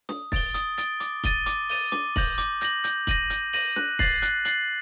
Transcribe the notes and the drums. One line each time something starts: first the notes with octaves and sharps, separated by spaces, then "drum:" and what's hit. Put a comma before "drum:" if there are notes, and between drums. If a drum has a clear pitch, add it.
D#6, drum: snare
A6 D7 G7, drum: kick, open hi-hat
D#6, drum: hi-hat
A6 D7 G7, drum: hi-hat
D6, drum: hi-hat
A6 D#7 G7, drum: kick, hi-hat
D6, drum: hi-hat
A6 D#7 G7, drum: open hi-hat
D6, drum: snare
G6 A#6 F#7, drum: kick, open hi-hat
D6, drum: hi-hat
G6 A#6 F#7, drum: hi-hat
G6, drum: hi-hat
A#6 D#7 F#7, drum: kick, hi-hat
G6, drum: hi-hat
A#6 D#7 F#7, drum: open hi-hat
F#6, drum: snare
A6 C7 F#7, drum: kick, open hi-hat
F#6, drum: hi-hat
A6 C7 F#7, drum: hi-hat